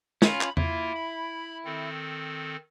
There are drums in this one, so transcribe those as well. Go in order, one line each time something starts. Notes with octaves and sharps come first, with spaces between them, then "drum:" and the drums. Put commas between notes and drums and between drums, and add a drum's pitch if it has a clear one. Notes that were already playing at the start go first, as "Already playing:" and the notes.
C#4 F4 B5, drum: snare
drum: clap
A#3 E4 F4, drum: tom E2
B5
D#3 C4 A4